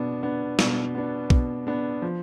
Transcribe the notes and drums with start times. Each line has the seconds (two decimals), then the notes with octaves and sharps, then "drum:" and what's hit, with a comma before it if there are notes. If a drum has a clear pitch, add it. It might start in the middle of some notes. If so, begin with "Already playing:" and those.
Already playing: B2 B3 D4
0.23 B3 D4
0.59 B2, drum: snare
0.95 B3 D4
1.30 B2, drum: kick
1.67 B3 D4
2.02 F3